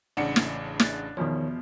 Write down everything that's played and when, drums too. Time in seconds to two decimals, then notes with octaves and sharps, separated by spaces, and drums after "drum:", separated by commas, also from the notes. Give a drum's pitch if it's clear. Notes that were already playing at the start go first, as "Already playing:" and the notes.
0.17 A1 C#3 D4 F#5 C#7
0.36 drum: snare
0.80 F#6 A6, drum: snare
1.17 E2 B2 D#3 F3 C#5